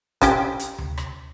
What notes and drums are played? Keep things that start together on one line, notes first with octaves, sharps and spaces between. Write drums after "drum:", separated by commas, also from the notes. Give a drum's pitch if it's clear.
C#4 G4 G5, drum: kick, hi-hat
drum: hi-hat
drum: tom D2
drum: rim click